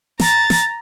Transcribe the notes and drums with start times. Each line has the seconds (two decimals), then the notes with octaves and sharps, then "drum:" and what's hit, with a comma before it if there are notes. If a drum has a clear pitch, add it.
0.20 A#5 A6, drum: snare
0.50 drum: snare